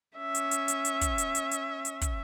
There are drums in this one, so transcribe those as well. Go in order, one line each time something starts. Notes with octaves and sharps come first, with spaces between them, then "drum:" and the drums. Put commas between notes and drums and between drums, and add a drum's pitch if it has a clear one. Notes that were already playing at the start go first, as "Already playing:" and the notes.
C#4 E5
drum: hi-hat
drum: hi-hat
drum: hi-hat
drum: hi-hat
drum: kick, hi-hat
drum: hi-hat
drum: hi-hat
drum: hi-hat
drum: hi-hat
drum: kick, hi-hat